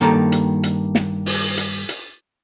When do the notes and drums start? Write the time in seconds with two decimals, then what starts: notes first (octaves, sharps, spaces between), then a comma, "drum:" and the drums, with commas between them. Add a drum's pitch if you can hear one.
0.01 G2 D#3 A#3 A4 A5 A#5
0.32 drum: hi-hat
0.63 drum: hi-hat
0.95 drum: snare
1.26 drum: open hi-hat
1.57 drum: hi-hat
1.89 drum: hi-hat